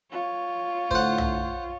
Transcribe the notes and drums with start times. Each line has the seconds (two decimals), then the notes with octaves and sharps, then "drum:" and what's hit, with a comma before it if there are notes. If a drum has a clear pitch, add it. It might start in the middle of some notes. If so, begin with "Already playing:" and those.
0.12 F4 C#5
0.91 A2 D3 A3 C5 F#5, drum: kick
1.18 drum: tom